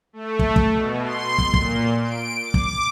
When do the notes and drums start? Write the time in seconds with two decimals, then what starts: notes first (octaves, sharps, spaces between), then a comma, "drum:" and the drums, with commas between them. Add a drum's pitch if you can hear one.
0.13 A3
0.39 drum: kick
0.56 drum: kick
0.72 B2
1.04 C6
1.38 drum: kick
1.54 A#2, drum: kick
2.03 D7
2.43 D6
2.54 drum: kick